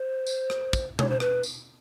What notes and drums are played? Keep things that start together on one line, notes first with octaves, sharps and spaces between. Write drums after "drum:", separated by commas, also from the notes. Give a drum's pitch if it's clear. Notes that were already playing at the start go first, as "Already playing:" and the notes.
Already playing: C5
drum: tambourine
drum: rim click
drum: kick, tambourine
C#5, drum: tom B2
C5
B4, drum: rim click
drum: tambourine